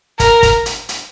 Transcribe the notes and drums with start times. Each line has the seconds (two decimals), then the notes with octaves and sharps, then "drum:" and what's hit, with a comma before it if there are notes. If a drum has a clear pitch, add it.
0.20 A#4, drum: kick, hi-hat
0.43 drum: kick, hi-hat
0.66 drum: hi-hat
0.89 drum: hi-hat